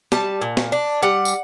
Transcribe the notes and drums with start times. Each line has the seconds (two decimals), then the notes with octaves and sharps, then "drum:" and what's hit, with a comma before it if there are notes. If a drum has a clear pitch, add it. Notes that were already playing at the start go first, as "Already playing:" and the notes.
0.12 G3 A5, drum: snare
0.42 A#2
0.57 drum: snare
0.72 D4
1.03 G3 F#5
1.25 drum: tambourine